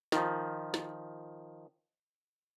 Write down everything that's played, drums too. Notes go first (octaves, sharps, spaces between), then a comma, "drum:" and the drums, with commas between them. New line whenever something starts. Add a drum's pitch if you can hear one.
D#3 F3, drum: snare
drum: snare